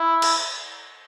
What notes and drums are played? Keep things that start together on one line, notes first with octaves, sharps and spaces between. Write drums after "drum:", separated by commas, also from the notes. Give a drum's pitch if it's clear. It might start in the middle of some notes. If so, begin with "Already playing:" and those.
Already playing: E4
drum: cymbal